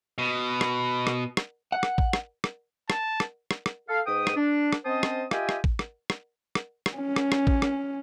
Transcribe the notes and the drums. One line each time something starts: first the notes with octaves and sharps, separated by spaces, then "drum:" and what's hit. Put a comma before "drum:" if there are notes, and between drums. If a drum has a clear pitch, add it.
B2
drum: rim click
drum: rim click
drum: rim click
F#5
drum: rim click
drum: kick A1
drum: rim click
drum: rim click
A5, drum: rim click
drum: rim click
drum: rim click
drum: rim click
A4 F5
G#2 B4 G5 D#6
drum: rim click
D4
drum: rim click
C4 C#4 C5 D#5 A5 D#6
drum: rim click
F4 G4 D#5 E5 G5 G#5, drum: rim click
drum: rim click
drum: kick A1
drum: rim click
drum: rim click
drum: rim click
drum: rim click
C#4
drum: rim click
drum: rim click
drum: kick A1
drum: rim click